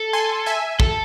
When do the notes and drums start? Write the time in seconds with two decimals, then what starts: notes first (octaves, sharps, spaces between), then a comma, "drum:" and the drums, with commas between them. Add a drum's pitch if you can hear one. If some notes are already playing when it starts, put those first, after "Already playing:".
Already playing: A4
0.13 G#5 C6
0.46 E5 G#5
0.80 A4, drum: kick